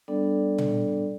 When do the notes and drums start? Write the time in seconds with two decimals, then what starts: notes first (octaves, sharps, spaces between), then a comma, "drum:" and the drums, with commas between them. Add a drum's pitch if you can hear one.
0.08 G3 B3 D4 A4 D5
0.58 drum: tom A#2